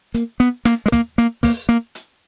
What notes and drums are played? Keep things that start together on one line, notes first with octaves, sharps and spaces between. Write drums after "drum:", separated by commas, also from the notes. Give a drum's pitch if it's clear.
A#3, drum: hi-hat
B3, drum: hi-hat
A#3, drum: snare
G#3
A#3, drum: kick, hi-hat
A#3, drum: hi-hat
A#3, drum: kick, open hi-hat
A#3, drum: hi-hat
drum: hi-hat